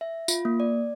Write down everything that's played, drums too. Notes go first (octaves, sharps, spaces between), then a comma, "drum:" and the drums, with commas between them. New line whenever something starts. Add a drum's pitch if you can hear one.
E5
F4, drum: tambourine
A#3
D5